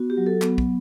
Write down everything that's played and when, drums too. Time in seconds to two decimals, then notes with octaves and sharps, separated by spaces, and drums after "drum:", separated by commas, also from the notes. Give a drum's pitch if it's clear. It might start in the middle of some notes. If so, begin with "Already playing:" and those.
Already playing: B3 F#4
0.10 G4
0.17 F#3
0.26 A4
0.42 B3, drum: clap
0.58 drum: kick